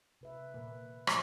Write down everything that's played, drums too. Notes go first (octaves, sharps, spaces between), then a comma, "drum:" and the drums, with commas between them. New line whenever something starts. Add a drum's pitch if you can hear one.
C3 B4 E5
A#2 D#3 B4
A#2 F3 D5 G#6, drum: rim click